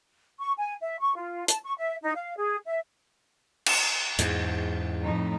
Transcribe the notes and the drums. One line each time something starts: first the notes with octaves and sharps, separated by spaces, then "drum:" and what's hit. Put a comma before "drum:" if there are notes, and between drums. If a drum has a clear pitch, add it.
C#6
G#5
E5
C#6
F4
A5, drum: hi-hat
C#6
E5
D#4
F5
G#4
E5
drum: cymbal
E2 G#2, drum: hi-hat
F2 A2 D#4